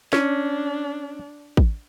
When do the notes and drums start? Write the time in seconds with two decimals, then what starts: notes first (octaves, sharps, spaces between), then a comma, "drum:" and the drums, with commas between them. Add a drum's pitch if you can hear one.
0.13 C#4 D4, drum: snare
1.57 drum: kick A1